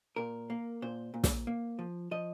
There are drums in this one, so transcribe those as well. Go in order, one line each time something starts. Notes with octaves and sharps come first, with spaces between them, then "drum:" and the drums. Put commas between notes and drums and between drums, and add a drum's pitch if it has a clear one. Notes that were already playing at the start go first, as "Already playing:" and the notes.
A#2 A#4
A#3
A#2 C5
A#2
drum: snare
A#3
F3
F3 D#5